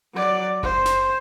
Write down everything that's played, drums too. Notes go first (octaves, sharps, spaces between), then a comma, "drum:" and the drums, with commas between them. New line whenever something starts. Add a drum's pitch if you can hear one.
F#3 D5
C5, drum: kick F#1
drum: snare